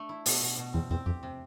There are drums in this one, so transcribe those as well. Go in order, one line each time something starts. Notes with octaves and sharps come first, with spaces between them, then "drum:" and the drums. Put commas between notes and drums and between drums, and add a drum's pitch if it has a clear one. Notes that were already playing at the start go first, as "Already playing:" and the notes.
Already playing: A3 D4
E4
B2, drum: open hi-hat
B2
B2
E2 C4
E2 C4
F2 G4
C3